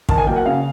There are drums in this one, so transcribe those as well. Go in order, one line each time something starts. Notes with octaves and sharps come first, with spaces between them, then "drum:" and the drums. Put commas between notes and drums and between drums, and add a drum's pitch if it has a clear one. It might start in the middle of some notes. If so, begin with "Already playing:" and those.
D#3 A5, drum: kick
G#5
F#3 A#3 G5
F#5
C#3 F5